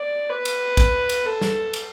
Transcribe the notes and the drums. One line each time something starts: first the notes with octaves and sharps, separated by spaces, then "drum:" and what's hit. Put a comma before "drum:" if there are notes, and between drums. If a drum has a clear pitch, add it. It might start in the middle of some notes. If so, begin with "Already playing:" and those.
Already playing: D5
B4
drum: cymbal
drum: kick, cymbal
drum: cymbal
A4
drum: snare
drum: cymbal